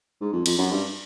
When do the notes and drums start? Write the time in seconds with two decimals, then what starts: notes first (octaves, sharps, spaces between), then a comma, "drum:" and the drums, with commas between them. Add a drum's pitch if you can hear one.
0.21 G#2
0.33 F2
0.46 F2, drum: cymbal
0.58 F#2
0.71 G2